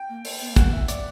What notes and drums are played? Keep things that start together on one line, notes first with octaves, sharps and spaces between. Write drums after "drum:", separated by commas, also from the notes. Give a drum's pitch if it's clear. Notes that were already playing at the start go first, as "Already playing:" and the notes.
Already playing: G5
A#3
drum: open hi-hat
B3
A#3
B3 F#5, drum: kick, hi-hat
E5
D5, drum: hi-hat